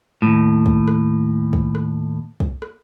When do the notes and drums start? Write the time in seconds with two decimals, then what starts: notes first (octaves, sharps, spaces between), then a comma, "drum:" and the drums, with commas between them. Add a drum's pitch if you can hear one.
0.22 D#2 A2
0.66 drum: kick
0.88 drum: rim click
1.53 drum: kick
1.75 drum: rim click
2.40 drum: kick
2.62 drum: rim click